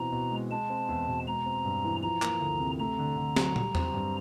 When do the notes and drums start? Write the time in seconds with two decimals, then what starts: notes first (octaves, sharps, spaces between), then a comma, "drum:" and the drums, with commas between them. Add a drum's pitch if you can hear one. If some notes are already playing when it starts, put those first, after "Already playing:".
Already playing: B2 E3 C4 A#5
0.12 B2
0.32 G#3
0.51 G#3 A5
0.70 C4
0.89 E2
1.08 B2
1.27 G#3 A#5
1.46 C4
1.65 G2
1.84 E3
2.03 F3 A#5
2.22 A#3, drum: clap
2.40 D2
2.60 C3
2.79 A3 A#5
2.99 D3
3.17 D3
3.36 F#3, drum: snare
3.56 G3, drum: tom
3.75 C4, drum: tom E2
3.94 G2